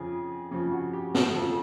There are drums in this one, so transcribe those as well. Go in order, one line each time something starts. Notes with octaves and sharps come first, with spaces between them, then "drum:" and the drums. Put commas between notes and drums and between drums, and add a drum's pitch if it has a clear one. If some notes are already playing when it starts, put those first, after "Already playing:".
Already playing: F2 C#3 F3 G#4
F2 C#3 F3
F#4
G4
A4, drum: snare
F2 C#3 F3 A4